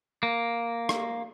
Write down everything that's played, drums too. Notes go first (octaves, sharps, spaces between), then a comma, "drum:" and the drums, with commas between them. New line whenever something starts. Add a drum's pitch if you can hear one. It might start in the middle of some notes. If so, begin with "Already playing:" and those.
A#3
drum: rim click